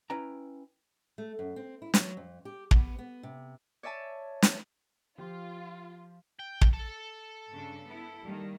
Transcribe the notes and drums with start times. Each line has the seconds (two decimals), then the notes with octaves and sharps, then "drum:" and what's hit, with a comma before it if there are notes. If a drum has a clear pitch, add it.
0.10 C#4 E4 B4 G5 A#5
1.18 A3
1.39 F#2
1.56 C4
1.82 E4
1.94 F#3, drum: snare
2.17 F2
2.45 G4
2.71 B3, drum: kick
2.99 B3
3.23 C3
3.83 C#5 D5 E5 G#5 A5
4.42 drum: snare
5.18 F3 F4 G4
6.39 G5
6.61 drum: kick
6.73 A4 A5
7.50 G2 C#3 D4
7.86 B3 E4
8.22 D#3 G3 A#3